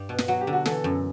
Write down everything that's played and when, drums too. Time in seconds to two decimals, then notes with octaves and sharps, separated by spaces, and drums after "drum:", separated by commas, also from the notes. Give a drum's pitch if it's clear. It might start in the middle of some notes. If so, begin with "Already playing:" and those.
Already playing: G2 G3
0.09 B2
0.18 drum: snare
0.28 F#3 F#4
0.41 G4
0.47 D3
0.53 F#4
0.65 E3 A4, drum: snare
0.84 F#2